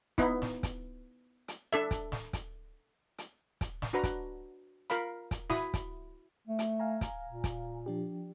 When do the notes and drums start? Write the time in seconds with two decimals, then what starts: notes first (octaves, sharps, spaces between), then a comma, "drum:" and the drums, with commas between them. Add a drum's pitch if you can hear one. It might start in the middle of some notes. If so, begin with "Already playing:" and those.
0.18 B3 D#4 E4, drum: kick, hi-hat
0.42 drum: snare
0.63 drum: kick, hi-hat
1.48 drum: hi-hat
1.73 D4 A4 E5
1.91 drum: kick, hi-hat
2.12 drum: snare
2.33 drum: kick, hi-hat
3.18 drum: hi-hat
3.61 drum: kick, hi-hat
3.82 drum: snare
3.93 D4 F#4 B4 A#5
4.03 drum: kick, hi-hat
4.90 F4 A#4 F5 B5, drum: hi-hat
5.31 drum: kick, hi-hat
5.50 E4 F#4 B5 D#6, drum: snare
5.74 drum: kick, hi-hat
6.48 A3
6.59 drum: hi-hat
6.79 F5 G#5 A#5
7.01 drum: kick, hi-hat
7.26 A#2
7.44 drum: kick, hi-hat
7.86 F3 D4 G4